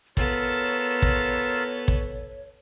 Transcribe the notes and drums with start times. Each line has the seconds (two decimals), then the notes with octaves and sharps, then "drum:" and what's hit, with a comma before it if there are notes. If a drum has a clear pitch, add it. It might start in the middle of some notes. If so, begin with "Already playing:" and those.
0.17 B3 F4 A4 A#4 C#5 E6, drum: kick
1.02 drum: kick
1.88 drum: kick